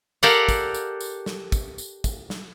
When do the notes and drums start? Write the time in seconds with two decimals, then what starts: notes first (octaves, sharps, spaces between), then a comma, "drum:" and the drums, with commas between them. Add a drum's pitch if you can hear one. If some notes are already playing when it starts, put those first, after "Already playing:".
0.23 G4 A4 A#4 D5 F5 F#5, drum: tambourine
0.49 drum: kick, tambourine
0.74 drum: tambourine
1.00 drum: tambourine
1.26 drum: snare
1.52 drum: kick, tambourine
1.78 drum: tambourine
2.04 drum: kick, tambourine
2.30 drum: snare